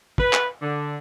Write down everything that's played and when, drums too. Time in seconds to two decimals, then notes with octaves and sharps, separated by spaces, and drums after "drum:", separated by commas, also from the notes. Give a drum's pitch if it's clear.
0.18 B4, drum: kick
0.33 drum: clap
0.62 D3